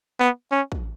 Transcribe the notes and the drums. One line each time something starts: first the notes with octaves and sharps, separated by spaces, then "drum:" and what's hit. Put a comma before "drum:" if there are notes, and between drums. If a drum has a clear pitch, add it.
B3
C#4
drum: kick